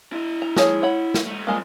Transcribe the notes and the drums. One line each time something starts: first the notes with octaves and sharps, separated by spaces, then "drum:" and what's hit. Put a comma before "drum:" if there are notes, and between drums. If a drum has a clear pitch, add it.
E4 D#5
A#5
F3 G#4 C#5, drum: snare
C#5 F#5 B5
drum: snare
A3 D#4
F#2 F3 G3 G#3 A#3